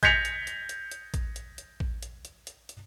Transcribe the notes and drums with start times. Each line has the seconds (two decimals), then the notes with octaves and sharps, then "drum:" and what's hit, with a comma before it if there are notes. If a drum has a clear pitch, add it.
0.03 G6 G#6 A#6 B6 C#7 F7, drum: kick A1, hi-hat
0.25 drum: hi-hat
0.47 drum: hi-hat
0.69 drum: hi-hat
0.91 drum: hi-hat
1.14 drum: kick A1, hi-hat
1.36 drum: hi-hat
1.58 drum: hi-hat
1.80 drum: kick A1
2.02 drum: hi-hat
2.25 drum: hi-hat
2.47 drum: hi-hat
2.69 drum: hi-hat